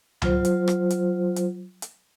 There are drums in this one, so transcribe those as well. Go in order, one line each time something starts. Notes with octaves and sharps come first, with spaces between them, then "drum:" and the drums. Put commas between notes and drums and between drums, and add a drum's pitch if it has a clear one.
F#3 F4 C5, drum: tom C#2
drum: hi-hat
drum: rim click
drum: hi-hat
drum: hi-hat
drum: hi-hat